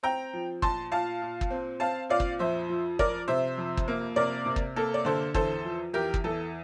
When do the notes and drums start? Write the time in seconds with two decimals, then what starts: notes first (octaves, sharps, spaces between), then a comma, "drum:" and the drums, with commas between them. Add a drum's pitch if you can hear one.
0.03 C4 G5 A#5
0.33 F3
0.62 A#2 A5 C6, drum: kick
0.92 A#2 F5 A5
1.22 A#2
1.41 drum: kick
1.50 C4
1.80 C4 F5 A5
2.09 A#2 D5 F5
2.20 drum: kick
2.39 F2 C5 E5
2.69 F3
2.99 F3 A#4 D5, drum: kick
3.28 C3 C5 E5
3.57 F2
3.77 drum: kick
3.88 A#3
4.16 C3 A#4 D5
4.46 C3
4.56 drum: kick
4.76 A#3 A4
4.94 D5
5.05 D3 A4 C5
5.34 E2 A4 C5, drum: kick
5.64 F3
5.93 E2 G4 A#4
6.14 drum: kick
6.24 E2 A4